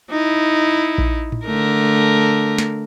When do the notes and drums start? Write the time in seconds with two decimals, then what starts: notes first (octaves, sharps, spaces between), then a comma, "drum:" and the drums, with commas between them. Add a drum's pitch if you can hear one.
0.11 D#4 E4
0.98 drum: kick A#1
1.32 drum: tom A2
1.46 D3 A3 A#4
2.58 drum: snare